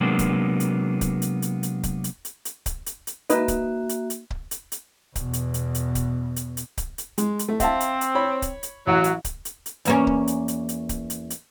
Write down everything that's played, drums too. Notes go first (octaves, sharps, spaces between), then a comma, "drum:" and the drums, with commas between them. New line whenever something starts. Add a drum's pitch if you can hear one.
C3 F#3 G#3 A#3 B3 D4
drum: kick C#1, hi-hat
drum: hi-hat
drum: kick C#1, hi-hat
drum: hi-hat
drum: hi-hat
drum: hi-hat
drum: kick C#1, hi-hat
drum: hi-hat
drum: hi-hat
drum: hi-hat
drum: kick C#1, hi-hat
drum: hi-hat
drum: hi-hat
A#3 D#4 F#4 B4 D#5 E5, drum: hi-hat
drum: kick C#1, hi-hat
drum: hi-hat
drum: hi-hat
drum: kick C#1
drum: hi-hat
drum: hi-hat
E2 B2, drum: kick C#1, hi-hat
drum: hi-hat
drum: hi-hat
drum: hi-hat
drum: kick C#1, hi-hat
drum: hi-hat
drum: hi-hat
drum: kick C#1, hi-hat
drum: hi-hat
G#3, drum: hi-hat
drum: hi-hat
A3
C4 E5 F5 A5, drum: kick C#1, hi-hat
drum: hi-hat
drum: hi-hat
C#5 B5
drum: kick C#1, hi-hat
drum: hi-hat
A1 F#3
drum: hi-hat
drum: kick C#1, hi-hat
drum: hi-hat
drum: hi-hat
E2 A#3 C#4, drum: hi-hat
drum: kick C#1
drum: hi-hat
drum: hi-hat
drum: hi-hat
drum: kick C#1, hi-hat
drum: hi-hat
drum: hi-hat